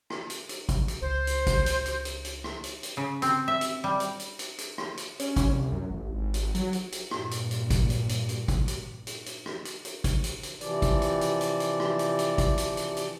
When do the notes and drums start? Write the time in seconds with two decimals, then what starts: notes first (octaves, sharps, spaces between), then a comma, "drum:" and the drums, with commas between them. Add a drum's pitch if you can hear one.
0.10 drum: rim click
0.30 drum: hi-hat
0.49 drum: hi-hat
0.69 drum: kick, hi-hat
0.88 drum: hi-hat
1.01 C#2 C5
1.27 drum: hi-hat
1.47 drum: kick, hi-hat
1.66 drum: hi-hat
1.86 drum: hi-hat
2.05 drum: hi-hat
2.25 drum: hi-hat
2.44 drum: rim click
2.64 drum: hi-hat
2.83 drum: hi-hat
2.97 C#3
3.22 C4, drum: hi-hat
3.48 E5
3.61 drum: hi-hat
3.84 G3
4.00 drum: hi-hat
4.20 drum: hi-hat
4.39 drum: hi-hat
4.58 drum: hi-hat
4.78 drum: rim click
4.97 drum: hi-hat
5.20 C#4, drum: hi-hat
5.36 drum: kick, hi-hat
5.49 C2
5.72 F#2
5.90 A1
6.11 G#1
6.34 drum: hi-hat
6.55 F#3, drum: hi-hat
6.73 drum: hi-hat
6.92 drum: hi-hat
7.11 G2 A#2, drum: rim click
7.31 drum: hi-hat
7.51 drum: hi-hat
7.70 drum: kick, hi-hat
7.90 drum: hi-hat
8.09 drum: hi-hat
8.29 drum: hi-hat
8.48 drum: kick, hi-hat
8.68 drum: hi-hat
9.07 drum: hi-hat
9.26 drum: hi-hat
9.46 drum: rim click
9.65 drum: hi-hat
9.85 drum: hi-hat
10.04 drum: kick, hi-hat
10.24 drum: hi-hat
10.43 drum: hi-hat
10.61 C3 E3 F3 D5, drum: hi-hat
10.82 drum: kick, hi-hat
11.02 drum: hi-hat
11.21 drum: hi-hat
11.41 drum: hi-hat
11.60 drum: hi-hat
11.80 drum: rim click
11.99 drum: hi-hat
12.19 drum: hi-hat
12.38 drum: kick, hi-hat
12.58 drum: hi-hat
12.77 drum: hi-hat
12.97 drum: hi-hat